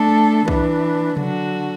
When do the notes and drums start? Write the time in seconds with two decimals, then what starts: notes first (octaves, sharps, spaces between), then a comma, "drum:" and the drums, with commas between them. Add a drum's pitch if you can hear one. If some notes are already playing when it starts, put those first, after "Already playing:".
Already playing: A3 D4 A4
0.48 E3 D4 B4, drum: kick
1.17 D3 F#3 D4 F#4, drum: tom C3